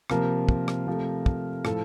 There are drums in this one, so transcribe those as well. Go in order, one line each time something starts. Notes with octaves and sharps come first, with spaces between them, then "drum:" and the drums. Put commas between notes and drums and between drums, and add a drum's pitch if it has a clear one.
C3 F3 A#3 A#4, drum: rim click
drum: kick
drum: rim click
C3 F3 A3
drum: kick
A2 F3 A4, drum: rim click